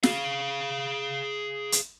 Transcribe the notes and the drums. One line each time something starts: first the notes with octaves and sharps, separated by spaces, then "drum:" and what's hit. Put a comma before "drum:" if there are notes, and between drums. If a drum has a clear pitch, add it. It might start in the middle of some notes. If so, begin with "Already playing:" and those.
G#4 F5, drum: snare
drum: hi-hat